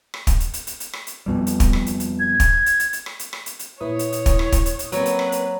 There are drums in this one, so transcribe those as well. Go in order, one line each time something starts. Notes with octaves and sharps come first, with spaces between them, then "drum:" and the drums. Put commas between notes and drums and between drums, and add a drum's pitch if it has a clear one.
drum: rim click
drum: kick, hi-hat
drum: hi-hat
drum: hi-hat
drum: hi-hat
drum: hi-hat
drum: rim click
drum: hi-hat
F2 B2 G3
drum: hi-hat
drum: kick, hi-hat
drum: rim click
drum: hi-hat
drum: hi-hat
G#6
drum: kick, hi-hat
drum: hi-hat
drum: hi-hat
drum: hi-hat
drum: rim click
drum: hi-hat
drum: rim click
drum: hi-hat
drum: hi-hat
A#2 E4 B4 C#5 D#6
drum: hi-hat
drum: hi-hat
drum: kick, hi-hat
drum: rim click
drum: kick, hi-hat
drum: hi-hat
drum: hi-hat
F#3 A#3 C4 B4, drum: hi-hat
drum: hi-hat
drum: rim click
drum: hi-hat